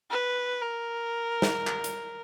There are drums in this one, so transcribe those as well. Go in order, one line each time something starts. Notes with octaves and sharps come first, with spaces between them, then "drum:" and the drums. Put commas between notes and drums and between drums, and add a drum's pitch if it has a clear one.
B4
A#4
drum: snare
drum: clap
drum: hi-hat